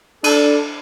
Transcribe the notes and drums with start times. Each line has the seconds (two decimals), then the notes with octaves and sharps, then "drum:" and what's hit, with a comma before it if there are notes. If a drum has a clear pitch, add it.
0.24 D4 A4, drum: cymbal